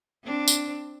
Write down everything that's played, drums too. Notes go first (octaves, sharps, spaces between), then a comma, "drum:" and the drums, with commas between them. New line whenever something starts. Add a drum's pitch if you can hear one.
C4 D4
drum: tambourine